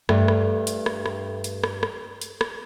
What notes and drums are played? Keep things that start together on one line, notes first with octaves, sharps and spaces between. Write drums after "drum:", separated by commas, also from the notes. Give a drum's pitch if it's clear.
G2 A3, drum: rim click
drum: rim click
drum: hi-hat
drum: rim click
drum: rim click
drum: hi-hat
drum: rim click
drum: rim click
drum: hi-hat
drum: rim click